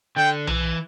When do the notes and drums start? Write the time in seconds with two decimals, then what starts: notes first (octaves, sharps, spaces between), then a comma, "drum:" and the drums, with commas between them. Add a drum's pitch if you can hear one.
0.16 D3 G5
0.47 E3, drum: tom B1